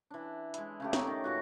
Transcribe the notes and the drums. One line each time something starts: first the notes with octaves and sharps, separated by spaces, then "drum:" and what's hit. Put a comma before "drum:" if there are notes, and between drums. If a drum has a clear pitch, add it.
E3 D4
G#3 E4, drum: hi-hat
C#3 A3 G4
C#4 D#4 D6, drum: snare
D#3
A#2 E3 F#4